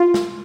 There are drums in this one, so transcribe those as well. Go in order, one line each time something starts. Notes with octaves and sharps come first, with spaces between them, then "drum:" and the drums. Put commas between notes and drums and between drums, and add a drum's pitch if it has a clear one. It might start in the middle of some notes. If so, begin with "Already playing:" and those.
Already playing: F4
drum: snare